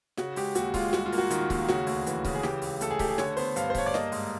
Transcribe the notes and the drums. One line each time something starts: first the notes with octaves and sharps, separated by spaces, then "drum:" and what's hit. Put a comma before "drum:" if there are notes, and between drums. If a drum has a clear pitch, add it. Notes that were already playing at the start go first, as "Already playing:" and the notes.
C#3 F#4, drum: snare
G#3 G4, drum: open hi-hat
D#2 F#4, drum: hi-hat
G#3 F4, drum: kick C#1, open hi-hat
G3 F#4, drum: snare
F4
A#3, drum: open hi-hat
F#4
D#3 F4, drum: hi-hat
D#2, drum: kick C#1, open hi-hat
C#3 F#4, drum: snare
D2, drum: open hi-hat
E3, drum: hi-hat
C#3, drum: kick C#1, open hi-hat
G#4
E3 G4, drum: snare
C#2, drum: open hi-hat
A3 A4, drum: hi-hat
G#4
A3 G4, drum: kick C#1, open hi-hat
G#4
D3 C#5, drum: snare
B3 C5, drum: open hi-hat
G2 F5, drum: hi-hat
C5
G2 C#5, drum: kick C#1, open hi-hat
D5
A#3 D#5, drum: snare
G#2, drum: open hi-hat